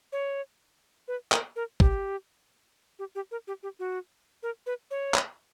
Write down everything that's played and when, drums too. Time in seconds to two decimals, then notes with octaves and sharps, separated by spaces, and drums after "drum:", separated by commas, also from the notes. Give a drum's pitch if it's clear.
0.12 C#5
1.08 B4
1.32 A#4, drum: clap
1.56 A#4
1.80 G4, drum: kick
2.99 G4
3.15 G4
3.31 A#4
3.47 G4
3.63 G4
3.79 F#4
4.43 A#4
4.66 B4
4.91 C#5
5.14 drum: clap